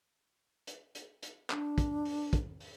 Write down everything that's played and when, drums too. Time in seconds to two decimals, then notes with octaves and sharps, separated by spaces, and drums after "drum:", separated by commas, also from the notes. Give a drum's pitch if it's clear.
0.67 drum: hi-hat
0.95 drum: hi-hat
1.23 drum: hi-hat
1.50 D4, drum: clap
1.78 drum: kick, hi-hat
2.05 drum: open hi-hat
2.33 drum: kick, hi-hat
2.60 drum: open hi-hat